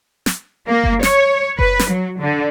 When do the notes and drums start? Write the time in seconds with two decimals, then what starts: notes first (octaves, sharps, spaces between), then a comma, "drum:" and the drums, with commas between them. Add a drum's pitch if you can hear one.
0.26 drum: snare
0.69 A#3
0.84 drum: kick F#1
1.03 C#5, drum: snare
1.59 B4, drum: kick F#1
1.79 drum: snare
1.90 F#3
2.20 D3